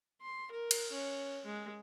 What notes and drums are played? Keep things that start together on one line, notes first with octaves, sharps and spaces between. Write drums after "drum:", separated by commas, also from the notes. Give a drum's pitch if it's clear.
C6
A#4
drum: cymbal
C#4
G#3